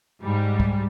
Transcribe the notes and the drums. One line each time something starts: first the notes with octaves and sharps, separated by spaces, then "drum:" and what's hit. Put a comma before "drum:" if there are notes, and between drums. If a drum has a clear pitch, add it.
G#2 G3
drum: kick